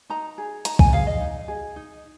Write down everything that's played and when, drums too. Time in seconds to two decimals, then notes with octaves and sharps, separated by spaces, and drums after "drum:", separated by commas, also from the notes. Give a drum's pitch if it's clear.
0.10 D#4 A#5
0.38 G#4
0.65 D#4 A#5, drum: hi-hat
0.79 G#5, drum: kick
0.93 G#4 F5
1.07 D#5
1.20 D#4
1.48 G#4
1.76 D#4